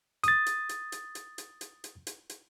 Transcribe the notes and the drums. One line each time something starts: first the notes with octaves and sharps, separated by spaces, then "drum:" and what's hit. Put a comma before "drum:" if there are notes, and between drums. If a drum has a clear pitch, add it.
D#6 A6, drum: hi-hat
drum: hi-hat
drum: hi-hat
drum: hi-hat
drum: hi-hat
drum: hi-hat
drum: hi-hat
drum: hi-hat
drum: hi-hat
drum: hi-hat